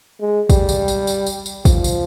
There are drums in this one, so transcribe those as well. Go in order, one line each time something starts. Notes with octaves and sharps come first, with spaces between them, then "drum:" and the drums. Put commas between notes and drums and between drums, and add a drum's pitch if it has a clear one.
G#3
G3, drum: kick, tambourine
drum: tambourine
drum: tambourine
drum: tambourine
drum: tambourine
drum: tambourine
F3, drum: kick, tambourine
drum: tambourine